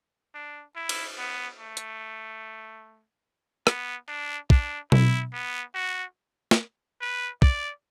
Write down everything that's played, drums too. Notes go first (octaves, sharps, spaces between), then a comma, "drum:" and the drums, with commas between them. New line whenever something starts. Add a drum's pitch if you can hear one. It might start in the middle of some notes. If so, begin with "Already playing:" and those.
D4
E4
drum: cymbal
B3
A3
drum: hi-hat
B3, drum: rim click
D4
D4, drum: kick
E4, drum: tom B2
B3
F#4
drum: snare
B4
D5, drum: kick